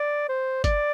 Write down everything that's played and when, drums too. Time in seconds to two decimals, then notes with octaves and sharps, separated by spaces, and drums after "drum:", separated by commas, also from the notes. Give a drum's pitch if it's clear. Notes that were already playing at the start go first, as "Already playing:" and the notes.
Already playing: D5
0.29 C5
0.64 D5, drum: kick, hi-hat